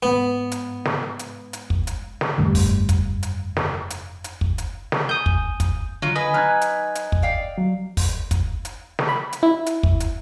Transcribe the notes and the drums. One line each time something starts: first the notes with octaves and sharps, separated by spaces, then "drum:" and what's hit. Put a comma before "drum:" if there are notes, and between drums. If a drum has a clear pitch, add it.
G#2 B3
drum: hi-hat
drum: snare
drum: hi-hat
drum: hi-hat
drum: kick
drum: hi-hat
drum: snare
F1 D2 G2 D3
drum: kick, open hi-hat
drum: kick, hi-hat
drum: hi-hat
drum: snare
drum: hi-hat
drum: hi-hat
drum: kick
drum: hi-hat
drum: snare
G#5 D#6 G6
drum: kick
drum: kick, hi-hat
D3 F#3 F4
B4 D#5 G#5
F#3 D#4 F6 F#6 G#6
drum: hi-hat
drum: hi-hat
drum: kick
D5 F5 G5
F#3
drum: kick, open hi-hat
drum: kick, hi-hat
drum: hi-hat
drum: snare
B5
drum: hi-hat
E4
drum: hi-hat
drum: kick
drum: hi-hat